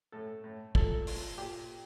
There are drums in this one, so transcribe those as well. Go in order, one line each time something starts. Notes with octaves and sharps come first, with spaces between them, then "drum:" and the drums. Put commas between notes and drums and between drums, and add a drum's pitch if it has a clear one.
A2 A4
A2
A#2 A4, drum: kick
A#2, drum: open hi-hat
A#2 G4